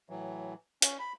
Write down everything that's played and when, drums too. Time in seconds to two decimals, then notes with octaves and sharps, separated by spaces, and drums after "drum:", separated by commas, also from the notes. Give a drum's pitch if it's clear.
0.10 A2 E3 F#3
0.82 C#4, drum: hi-hat
0.99 B5